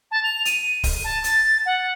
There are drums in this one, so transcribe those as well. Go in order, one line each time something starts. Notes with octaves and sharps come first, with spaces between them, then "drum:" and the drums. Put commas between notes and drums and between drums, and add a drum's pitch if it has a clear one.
A5
F7
D#7, drum: hi-hat
drum: kick D1, open hi-hat
A5
A6, drum: hi-hat
F#5